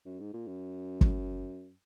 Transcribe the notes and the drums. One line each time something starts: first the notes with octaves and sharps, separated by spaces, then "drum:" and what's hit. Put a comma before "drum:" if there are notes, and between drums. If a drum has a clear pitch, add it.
F#2
G#2
A#2
F#2
drum: kick